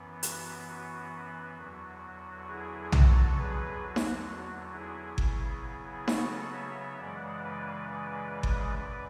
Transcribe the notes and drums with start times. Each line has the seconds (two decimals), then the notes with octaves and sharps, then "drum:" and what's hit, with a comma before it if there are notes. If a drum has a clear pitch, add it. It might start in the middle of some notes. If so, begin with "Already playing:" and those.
Already playing: F#2 E3 B3
0.23 F#4, drum: hi-hat
0.68 F#4
1.57 E2 D3 F#3
2.47 E4 G#4
2.92 F#4 A4, drum: tom B1
3.37 E2 D3 F#3 G#4 B4
3.83 F#4
3.96 drum: snare D#4
4.28 F#4
4.72 E4 G#4
5.18 C#3 F#3 B3, drum: kick G1
6.08 F#4 A4, drum: snare D#4
6.53 C#5 E5
6.98 F#2 C#3 E3 G#3 D5 F#5
7.44 B4 D5
7.88 B4 D5
8.43 drum: kick G1
8.78 F#2 B4 D5